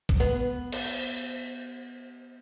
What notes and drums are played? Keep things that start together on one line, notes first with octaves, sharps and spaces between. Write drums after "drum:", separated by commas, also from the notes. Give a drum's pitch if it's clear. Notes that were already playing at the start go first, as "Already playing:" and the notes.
drum: kick
B3
drum: cymbal